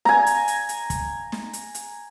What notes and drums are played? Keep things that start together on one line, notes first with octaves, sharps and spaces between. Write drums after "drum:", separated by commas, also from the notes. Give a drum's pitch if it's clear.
G#5 A#5, drum: snare
drum: hi-hat
drum: hi-hat
drum: hi-hat
drum: kick, hi-hat
drum: snare
drum: hi-hat
drum: hi-hat